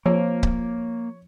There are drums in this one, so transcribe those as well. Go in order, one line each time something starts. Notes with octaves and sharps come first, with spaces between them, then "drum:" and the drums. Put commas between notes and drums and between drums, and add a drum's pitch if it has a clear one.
F3 A#3 C#5
drum: kick C#1